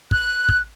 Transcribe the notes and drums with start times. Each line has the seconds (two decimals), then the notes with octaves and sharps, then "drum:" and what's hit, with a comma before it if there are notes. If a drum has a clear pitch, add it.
0.11 F#6, drum: kick
0.49 drum: kick